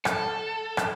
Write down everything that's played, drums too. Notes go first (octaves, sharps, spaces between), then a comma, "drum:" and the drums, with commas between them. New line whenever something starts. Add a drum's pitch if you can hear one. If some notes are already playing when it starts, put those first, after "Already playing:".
A4, drum: rim click
drum: rim click